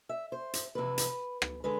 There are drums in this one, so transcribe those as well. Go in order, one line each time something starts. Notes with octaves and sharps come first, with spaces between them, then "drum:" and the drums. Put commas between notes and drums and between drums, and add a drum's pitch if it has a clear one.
E5
C5
drum: hi-hat
F2 C3 E3 B4
drum: hi-hat
drum: rim click
D3 G#3 B4